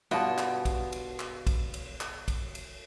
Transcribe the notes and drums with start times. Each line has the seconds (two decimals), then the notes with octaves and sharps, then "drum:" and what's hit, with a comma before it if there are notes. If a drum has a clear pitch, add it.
0.11 G2 B2 D#4 F4 F#5 A5
0.38 drum: clap
0.65 drum: kick, cymbal
0.92 drum: cymbal
1.20 drum: clap
1.47 drum: kick, cymbal
1.74 drum: cymbal
2.01 drum: clap
2.28 drum: kick, cymbal
2.55 drum: cymbal